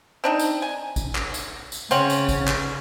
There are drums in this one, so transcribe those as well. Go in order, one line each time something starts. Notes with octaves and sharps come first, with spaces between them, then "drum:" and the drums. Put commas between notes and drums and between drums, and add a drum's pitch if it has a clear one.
C4 D4 D#4
drum: tambourine
G#5
drum: kick G#1, tambourine
drum: clap
drum: tambourine
drum: tambourine
C#3 C4 C#4 F#5, drum: tambourine
drum: tambourine
drum: kick G#1, tambourine
drum: clap